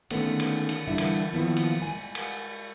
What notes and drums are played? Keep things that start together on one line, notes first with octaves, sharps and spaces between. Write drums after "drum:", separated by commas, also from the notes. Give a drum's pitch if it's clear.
D3 D#3 G#3 A3 B3 C#4, drum: cymbal
drum: cymbal
drum: cymbal
D3 E3 G3 E4 E5
drum: cymbal
D#3 F3 A#3 B3 E4
drum: cymbal
G#3 G#5
drum: cymbal